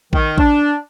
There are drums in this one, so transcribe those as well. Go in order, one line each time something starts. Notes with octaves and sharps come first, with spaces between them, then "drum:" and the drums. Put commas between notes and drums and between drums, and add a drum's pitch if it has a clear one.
D#3, drum: kick A1
D4, drum: kick A1